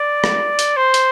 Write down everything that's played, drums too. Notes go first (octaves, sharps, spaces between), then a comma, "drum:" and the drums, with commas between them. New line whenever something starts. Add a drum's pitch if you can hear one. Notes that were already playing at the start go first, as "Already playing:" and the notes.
Already playing: D5
drum: rim click
drum: hi-hat
C5
drum: hi-hat